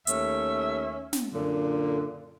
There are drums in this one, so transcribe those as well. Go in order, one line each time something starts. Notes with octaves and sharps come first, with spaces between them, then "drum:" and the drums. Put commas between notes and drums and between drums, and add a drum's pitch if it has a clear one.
D#2 A3 C#4 E5, drum: hi-hat
drum: snare
F#2 A#2 D3